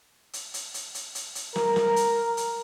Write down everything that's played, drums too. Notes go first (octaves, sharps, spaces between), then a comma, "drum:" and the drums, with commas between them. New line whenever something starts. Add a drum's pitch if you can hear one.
drum: hi-hat
drum: hi-hat
drum: hi-hat
drum: hi-hat
drum: hi-hat
drum: hi-hat
A#4, drum: snare
drum: snare
drum: hi-hat
drum: hi-hat